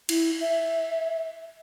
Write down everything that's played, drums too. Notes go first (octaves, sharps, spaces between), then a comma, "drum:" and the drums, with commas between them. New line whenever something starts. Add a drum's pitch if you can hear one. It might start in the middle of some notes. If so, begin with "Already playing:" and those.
E4, drum: cymbal
E5